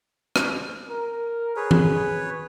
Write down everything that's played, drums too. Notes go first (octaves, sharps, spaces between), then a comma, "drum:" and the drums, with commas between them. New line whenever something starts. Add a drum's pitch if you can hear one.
drum: rim click
A#4
G#4 B4 C#5
drum: tom E3